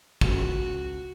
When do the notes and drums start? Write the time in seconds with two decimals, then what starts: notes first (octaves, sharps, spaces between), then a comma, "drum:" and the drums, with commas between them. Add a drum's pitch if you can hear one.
0.21 C#2 F#4, drum: kick